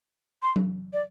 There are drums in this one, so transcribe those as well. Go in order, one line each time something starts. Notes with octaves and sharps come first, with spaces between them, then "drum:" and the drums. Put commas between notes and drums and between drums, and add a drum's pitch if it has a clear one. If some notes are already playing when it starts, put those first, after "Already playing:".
C6
drum: tom F#3
D5